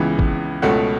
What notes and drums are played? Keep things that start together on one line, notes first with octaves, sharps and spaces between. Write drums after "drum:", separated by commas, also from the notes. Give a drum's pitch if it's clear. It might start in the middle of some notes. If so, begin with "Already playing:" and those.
Already playing: C#2 C#3 E3 B3
drum: kick
C#2 B2 A3 C#4 F#5